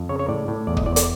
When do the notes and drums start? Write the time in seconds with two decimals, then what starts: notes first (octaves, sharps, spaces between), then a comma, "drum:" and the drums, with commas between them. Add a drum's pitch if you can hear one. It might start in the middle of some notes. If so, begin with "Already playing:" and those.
Already playing: F2
0.09 C#3 C#5
0.19 C#5
0.28 A2 D5
0.48 A2
0.67 E2 D5
0.77 D#5, drum: kick
0.86 E2 D5
0.96 D5, drum: hi-hat